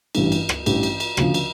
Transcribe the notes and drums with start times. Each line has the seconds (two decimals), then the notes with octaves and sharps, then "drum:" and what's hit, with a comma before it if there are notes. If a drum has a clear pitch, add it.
0.15 A1 G2 E3, drum: cymbal
0.32 drum: cymbal
0.49 drum: rim click
0.66 A1 G2 E3, drum: cymbal
0.83 drum: cymbal
1.00 drum: cymbal
1.17 D2 C#3 F3, drum: rim click
1.34 drum: cymbal